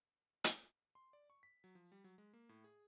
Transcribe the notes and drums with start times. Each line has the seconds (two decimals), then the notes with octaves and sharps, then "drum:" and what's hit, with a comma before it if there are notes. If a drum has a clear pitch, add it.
0.44 drum: hi-hat
0.95 C6
1.13 D5
1.30 C#6
1.43 B6
1.64 F#3
1.75 F3
1.92 G3
2.04 F#3
2.18 G#3
2.33 A#3
2.49 A2
2.64 G#4